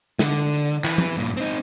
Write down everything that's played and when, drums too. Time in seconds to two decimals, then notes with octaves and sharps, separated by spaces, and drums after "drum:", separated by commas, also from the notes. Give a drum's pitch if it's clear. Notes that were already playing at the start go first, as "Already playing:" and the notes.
0.19 D3, drum: snare
0.84 E3, drum: clap
0.98 drum: tom E3
1.17 G2 A#2
1.37 C4 D#4